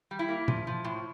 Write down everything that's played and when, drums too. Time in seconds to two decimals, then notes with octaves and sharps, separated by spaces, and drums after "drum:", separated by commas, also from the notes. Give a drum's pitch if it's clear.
0.11 G3
0.19 E4
0.29 A#3
0.48 F3, drum: tom
0.67 F3
0.84 A2